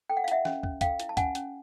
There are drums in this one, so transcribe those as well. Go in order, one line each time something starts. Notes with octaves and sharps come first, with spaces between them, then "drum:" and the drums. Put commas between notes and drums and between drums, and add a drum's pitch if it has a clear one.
A4 G5
F#5
F5
E4 E5 F#5, drum: hi-hat
C#4, drum: snare
C#4, drum: kick
A4 F5 G5, drum: kick, hi-hat
E4, drum: hi-hat
A5
C#4 F#5 G#5, drum: kick, hi-hat
C#4, drum: hi-hat